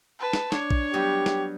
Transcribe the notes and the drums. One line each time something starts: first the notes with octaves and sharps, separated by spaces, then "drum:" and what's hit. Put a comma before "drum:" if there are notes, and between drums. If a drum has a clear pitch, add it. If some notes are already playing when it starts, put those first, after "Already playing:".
B4 A5
drum: snare
D4 C#5, drum: snare
drum: kick A#1
F#3 G3 B3 G4
drum: snare